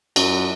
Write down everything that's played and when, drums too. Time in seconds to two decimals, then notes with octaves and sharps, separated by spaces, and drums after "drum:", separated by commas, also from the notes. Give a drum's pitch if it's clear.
0.16 F#2, drum: cymbal